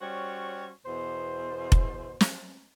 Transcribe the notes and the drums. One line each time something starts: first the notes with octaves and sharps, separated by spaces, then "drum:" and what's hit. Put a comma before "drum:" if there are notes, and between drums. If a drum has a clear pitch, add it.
G3 C#4 F#4 C5 C#5
E2 B2 C5
drum: kick F1
drum: snare